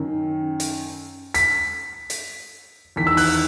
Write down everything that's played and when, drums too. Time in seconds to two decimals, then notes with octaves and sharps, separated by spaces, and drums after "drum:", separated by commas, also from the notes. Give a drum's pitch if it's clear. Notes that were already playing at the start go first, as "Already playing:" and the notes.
Already playing: F#2 D#3
0.60 drum: hi-hat
1.34 B6, drum: hi-hat
2.10 drum: hi-hat
2.96 E2 D#3 B6
3.07 E6
3.17 F#6, drum: open hi-hat